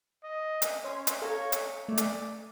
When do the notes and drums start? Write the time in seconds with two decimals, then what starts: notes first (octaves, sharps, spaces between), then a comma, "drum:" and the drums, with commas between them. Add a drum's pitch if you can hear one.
0.23 D#5
0.62 drum: hi-hat
0.84 C#4 C#5 C6
1.07 drum: hi-hat
1.22 A4 C#5 F5 A#5
1.52 drum: hi-hat
1.88 A3 D5
1.97 drum: hi-hat